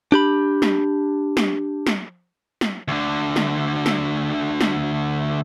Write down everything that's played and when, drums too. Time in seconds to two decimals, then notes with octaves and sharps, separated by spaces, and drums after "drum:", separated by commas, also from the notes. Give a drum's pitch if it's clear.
0.12 D4 G4 B5
0.62 drum: snare
1.37 drum: snare
1.87 drum: snare
2.61 drum: snare
2.88 D2 D3
3.36 drum: snare
3.86 drum: snare
4.61 drum: snare